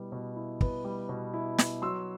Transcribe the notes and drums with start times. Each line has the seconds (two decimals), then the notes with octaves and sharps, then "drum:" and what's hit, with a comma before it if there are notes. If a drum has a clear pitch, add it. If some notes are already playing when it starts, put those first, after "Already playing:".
Already playing: B2 G3 B3 E4
0.12 B2
0.36 E4
0.61 B3, drum: kick
0.84 G3
1.09 B2
1.33 E4
1.58 B3, drum: snare
1.82 F#3 C6 E6